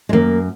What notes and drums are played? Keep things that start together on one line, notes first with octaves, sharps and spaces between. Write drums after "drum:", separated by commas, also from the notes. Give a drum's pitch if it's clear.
G#3
F#2 A#3, drum: tom D#3